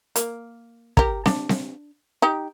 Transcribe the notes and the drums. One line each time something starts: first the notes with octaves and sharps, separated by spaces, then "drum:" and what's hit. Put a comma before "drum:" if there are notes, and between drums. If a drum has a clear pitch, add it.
A#3, drum: hi-hat
G4 A#4, drum: kick
D4, drum: snare C4
drum: snare C4
D#4 G4 G5